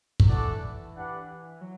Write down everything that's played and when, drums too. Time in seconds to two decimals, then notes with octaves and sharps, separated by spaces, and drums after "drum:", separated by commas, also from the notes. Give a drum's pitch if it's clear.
0.20 F#3, drum: kick
0.29 E3 A3 D4 A4 D5 F#5
0.96 D4 G4 B4 F#5
1.61 F#3